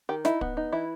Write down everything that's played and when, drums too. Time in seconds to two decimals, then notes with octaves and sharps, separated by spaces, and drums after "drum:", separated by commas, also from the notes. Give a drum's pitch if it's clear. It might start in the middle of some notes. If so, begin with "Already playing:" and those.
0.09 D#3 G4
0.25 D#4 E4, drum: snare
0.41 B3, drum: kick
0.57 D#4
0.72 E3 E4